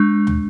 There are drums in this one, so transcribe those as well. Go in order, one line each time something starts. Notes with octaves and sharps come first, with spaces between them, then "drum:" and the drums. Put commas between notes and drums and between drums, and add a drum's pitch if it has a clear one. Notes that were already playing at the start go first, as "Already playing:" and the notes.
Already playing: G#3 D4
drum: tom